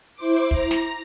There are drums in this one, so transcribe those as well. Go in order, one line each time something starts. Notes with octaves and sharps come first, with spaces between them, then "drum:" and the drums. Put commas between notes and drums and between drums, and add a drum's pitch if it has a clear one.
E4 C5 D6
A#5, drum: kick
drum: snare